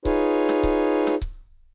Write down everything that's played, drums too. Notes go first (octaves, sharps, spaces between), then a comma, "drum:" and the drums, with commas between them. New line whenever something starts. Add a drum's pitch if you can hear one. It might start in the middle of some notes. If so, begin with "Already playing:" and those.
D#4 F4 G#4 B4 C#5, drum: kick C#1
drum: snare
drum: kick C#1
drum: snare
drum: kick C#1